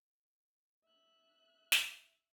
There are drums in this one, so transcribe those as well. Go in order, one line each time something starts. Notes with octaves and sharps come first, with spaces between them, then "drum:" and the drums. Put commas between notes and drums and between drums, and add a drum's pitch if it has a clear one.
E5 F#6
drum: snare